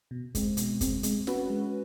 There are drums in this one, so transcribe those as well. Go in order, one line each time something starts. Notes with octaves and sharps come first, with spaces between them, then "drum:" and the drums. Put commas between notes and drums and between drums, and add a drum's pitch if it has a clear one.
B2
G#3 C4, drum: kick, hi-hat
B2, drum: hi-hat
G#3 C4, drum: kick, hi-hat
G#3, drum: hi-hat
C#4 F#4 B4, drum: snare
G#3